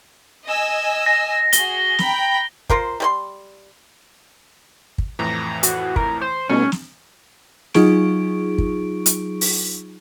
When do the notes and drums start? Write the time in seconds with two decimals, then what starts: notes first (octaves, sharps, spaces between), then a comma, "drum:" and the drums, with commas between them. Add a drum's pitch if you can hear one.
0.46 D#5 G#5 E6
1.06 A#6
1.53 F#4 G#4 G7, drum: hi-hat
1.99 G5 A#5 B5, drum: snare
2.70 F4 A#4 C5, drum: kick
3.00 G3 C5 C6
4.98 drum: kick
5.19 F2 A2 E3 A#5
5.63 F#4, drum: hi-hat
5.96 A#4, drum: kick
6.21 C5
6.50 B2 G3 A3 C#4 D#4
6.72 drum: snare
7.74 F#3 D#4 F4 G#4 C#6 D7, drum: snare
8.58 drum: kick
9.06 drum: hi-hat
9.41 drum: open hi-hat